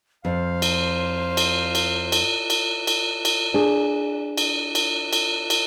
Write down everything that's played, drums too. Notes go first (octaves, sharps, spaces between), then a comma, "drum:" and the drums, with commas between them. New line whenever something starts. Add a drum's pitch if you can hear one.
F2 C5 F5
drum: cymbal
drum: cymbal
drum: cymbal
drum: cymbal
drum: cymbal
drum: cymbal
drum: cymbal
D4 G#4
drum: cymbal
drum: cymbal
drum: cymbal
drum: cymbal